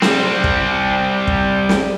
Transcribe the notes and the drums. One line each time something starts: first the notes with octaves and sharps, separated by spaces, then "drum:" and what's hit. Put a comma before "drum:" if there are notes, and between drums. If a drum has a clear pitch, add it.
G3 C4, drum: snare
drum: kick
drum: kick
drum: snare